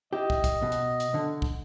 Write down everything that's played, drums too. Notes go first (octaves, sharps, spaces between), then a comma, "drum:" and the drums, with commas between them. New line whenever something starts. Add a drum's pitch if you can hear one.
E4 G4 D#5
drum: kick
drum: kick, hi-hat
B2
drum: hi-hat
drum: hi-hat
D3
drum: kick